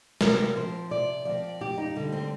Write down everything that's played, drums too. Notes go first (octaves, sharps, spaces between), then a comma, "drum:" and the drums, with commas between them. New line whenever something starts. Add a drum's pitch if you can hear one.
C3 A#4, drum: snare
F3 C4 C5
C3 D5
F3 C4 D5
F2 G4
D#4
D3 G3
C4